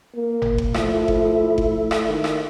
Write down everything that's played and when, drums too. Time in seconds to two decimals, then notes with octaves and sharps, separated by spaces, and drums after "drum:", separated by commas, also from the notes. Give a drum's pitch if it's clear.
0.14 A#3
0.42 drum: tom G1
0.58 drum: kick F#1
0.74 F3 A3 E4, drum: rim click
1.08 drum: kick F#1
1.58 drum: kick F#1
1.91 drum: rim click
2.07 D#3
2.24 drum: rim click